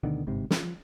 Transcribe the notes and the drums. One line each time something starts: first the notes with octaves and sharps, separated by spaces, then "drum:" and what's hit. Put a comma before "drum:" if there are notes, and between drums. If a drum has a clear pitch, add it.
D2 B2 D3 D#3
G1 G#2 C3
F3, drum: snare